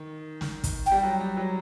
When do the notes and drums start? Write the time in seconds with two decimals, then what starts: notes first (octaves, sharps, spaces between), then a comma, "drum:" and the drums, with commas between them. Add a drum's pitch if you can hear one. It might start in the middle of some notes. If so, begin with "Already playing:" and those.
Already playing: D#3
0.41 drum: snare
0.64 drum: kick, hi-hat
0.86 G5
0.92 G3
1.03 F#3
1.21 G3
1.37 F#3